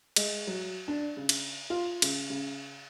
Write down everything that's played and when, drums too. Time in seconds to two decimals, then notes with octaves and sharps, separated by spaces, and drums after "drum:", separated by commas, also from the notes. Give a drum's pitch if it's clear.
0.16 G#3, drum: cymbal
0.47 F#3
0.88 D4
1.17 C#3
1.29 drum: cymbal
1.70 F4
2.02 C#3, drum: cymbal
2.30 C#3